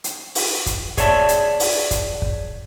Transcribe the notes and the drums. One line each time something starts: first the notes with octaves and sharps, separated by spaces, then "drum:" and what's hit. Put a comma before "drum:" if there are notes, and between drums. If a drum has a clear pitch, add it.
drum: hi-hat
drum: open hi-hat
drum: kick, hi-hat
G#4 C#5 D5 E5 A5, drum: kick, hi-hat
drum: hi-hat
drum: open hi-hat
drum: kick, hi-hat
drum: kick